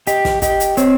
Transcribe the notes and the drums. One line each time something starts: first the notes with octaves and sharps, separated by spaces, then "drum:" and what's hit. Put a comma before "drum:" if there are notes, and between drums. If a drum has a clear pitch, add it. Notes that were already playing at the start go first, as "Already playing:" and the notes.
G4 D#5, drum: hi-hat
drum: snare
G4 D#5, drum: kick, hi-hat
drum: hi-hat
C4 C#5, drum: hi-hat